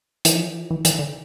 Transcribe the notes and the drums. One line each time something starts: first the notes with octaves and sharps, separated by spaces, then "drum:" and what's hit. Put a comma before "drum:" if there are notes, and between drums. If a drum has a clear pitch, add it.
E3, drum: hi-hat
F3
E3
F3
E3
E3, drum: hi-hat
D3